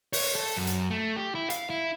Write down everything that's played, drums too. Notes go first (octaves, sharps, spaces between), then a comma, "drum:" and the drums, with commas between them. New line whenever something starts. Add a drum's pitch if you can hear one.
C#5, drum: open hi-hat
A4
F#2
drum: hi-hat
A3
G4
E4
F5, drum: hi-hat
E4